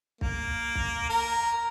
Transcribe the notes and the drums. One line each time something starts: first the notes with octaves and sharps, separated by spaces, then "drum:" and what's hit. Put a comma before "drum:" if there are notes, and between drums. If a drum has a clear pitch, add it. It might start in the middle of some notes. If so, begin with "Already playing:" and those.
A#3, drum: kick
drum: kick
A#4